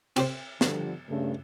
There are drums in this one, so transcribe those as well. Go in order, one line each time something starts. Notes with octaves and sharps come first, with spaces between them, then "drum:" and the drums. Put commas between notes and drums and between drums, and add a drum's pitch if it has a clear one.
C4 G4 C5, drum: cymbal
D3 F3 G3, drum: snare
G2 C#3 A3